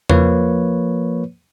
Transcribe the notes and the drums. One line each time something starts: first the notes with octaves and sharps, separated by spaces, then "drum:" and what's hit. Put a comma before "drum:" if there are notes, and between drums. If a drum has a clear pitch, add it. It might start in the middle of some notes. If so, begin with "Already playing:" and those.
F3 A#3 B4 C#5, drum: tom E2